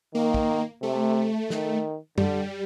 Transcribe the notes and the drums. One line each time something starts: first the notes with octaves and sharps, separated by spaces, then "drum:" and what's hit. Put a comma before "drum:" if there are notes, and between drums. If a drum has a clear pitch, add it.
D#3 A#3
drum: kick
C3 A3
D#3, drum: snare
D3 G3, drum: tom F#2